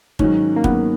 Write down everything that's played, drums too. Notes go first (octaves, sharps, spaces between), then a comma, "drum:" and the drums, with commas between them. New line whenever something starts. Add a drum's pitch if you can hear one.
G#2 D#3 F#3 C#4, drum: kick
A#3
G#2 D#3 F#3 B3, drum: kick